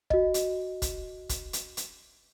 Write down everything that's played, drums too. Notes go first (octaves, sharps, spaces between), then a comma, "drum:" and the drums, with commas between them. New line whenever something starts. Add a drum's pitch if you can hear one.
F#4 D#5, drum: kick
drum: hi-hat
drum: kick, hi-hat
drum: kick, hi-hat
drum: hi-hat
drum: hi-hat